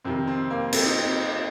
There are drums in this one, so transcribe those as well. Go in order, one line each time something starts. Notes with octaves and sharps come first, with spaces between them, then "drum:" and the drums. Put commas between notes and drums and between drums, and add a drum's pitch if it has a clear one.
F2 C3 D#3 C4
C4
A#3
C4, drum: cymbal
D#4
C4